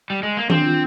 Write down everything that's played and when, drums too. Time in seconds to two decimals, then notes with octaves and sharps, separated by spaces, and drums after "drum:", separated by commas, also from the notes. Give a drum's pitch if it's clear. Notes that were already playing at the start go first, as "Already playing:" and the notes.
0.10 G3
0.23 G#3
0.37 A#3
0.50 C4 D4, drum: tom D#3
0.65 F4